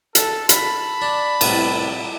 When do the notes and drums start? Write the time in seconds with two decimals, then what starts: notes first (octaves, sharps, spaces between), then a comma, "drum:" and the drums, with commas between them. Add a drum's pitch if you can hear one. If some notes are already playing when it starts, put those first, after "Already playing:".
0.15 A4, drum: hi-hat
0.49 A5 B5, drum: hi-hat
1.02 D4
1.41 C2 A2 B3, drum: cymbal